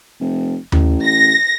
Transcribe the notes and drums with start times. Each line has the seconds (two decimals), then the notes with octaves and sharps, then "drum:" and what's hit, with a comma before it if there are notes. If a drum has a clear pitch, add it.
0.20 F1
0.72 A1, drum: tom D#2
1.05 A#6